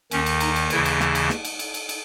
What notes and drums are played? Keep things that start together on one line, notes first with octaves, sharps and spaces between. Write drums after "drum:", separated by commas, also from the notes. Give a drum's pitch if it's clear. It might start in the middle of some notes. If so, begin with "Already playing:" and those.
D#2 D#3 C#4, drum: cymbal
drum: cymbal
D#4, drum: cymbal
drum: cymbal
D#2 C#3 E3 E4, drum: cymbal
drum: cymbal
drum: snare
drum: cymbal
drum: snare
drum: cymbal
drum: cymbal
drum: cymbal
drum: cymbal